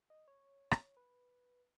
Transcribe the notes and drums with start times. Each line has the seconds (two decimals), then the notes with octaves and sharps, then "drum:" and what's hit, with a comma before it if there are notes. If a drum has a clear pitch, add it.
0.10 D#5
0.28 C#5
0.71 drum: rim click
0.97 B4